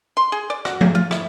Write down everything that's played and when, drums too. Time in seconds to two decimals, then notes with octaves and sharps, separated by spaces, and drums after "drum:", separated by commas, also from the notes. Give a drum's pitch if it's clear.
0.17 C6
0.32 G#4
0.50 D5
0.65 F#4, drum: rim click
0.81 drum: tom F3
0.95 F4
1.11 E4, drum: rim click